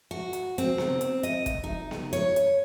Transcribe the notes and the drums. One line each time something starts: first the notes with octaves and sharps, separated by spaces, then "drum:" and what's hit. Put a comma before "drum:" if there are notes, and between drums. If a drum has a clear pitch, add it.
F#4
drum: hi-hat
C4, drum: hi-hat
drum: snare B3
drum: hi-hat
D#5, drum: hi-hat
drum: kick, hi-hat
D#4
drum: snare B3
C#5, drum: hi-hat
drum: hi-hat